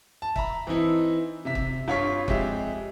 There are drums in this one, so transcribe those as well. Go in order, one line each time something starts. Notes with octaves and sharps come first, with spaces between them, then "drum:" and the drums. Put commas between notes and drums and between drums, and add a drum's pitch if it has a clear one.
A5
E5 A#5 B5, drum: kick
E3 C4 D#4 E4
C3 E5 B6
drum: kick
G2 F4 C#5 C#6 B6
F2 G#3 G4 E5, drum: kick